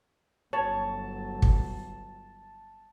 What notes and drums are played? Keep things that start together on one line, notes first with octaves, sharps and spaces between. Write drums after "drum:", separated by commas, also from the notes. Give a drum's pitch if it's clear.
G1 F#3 C#5 A5
drum: kick